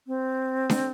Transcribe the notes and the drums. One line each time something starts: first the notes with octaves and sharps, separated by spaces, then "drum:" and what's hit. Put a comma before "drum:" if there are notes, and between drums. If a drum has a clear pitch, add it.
C4
drum: snare D4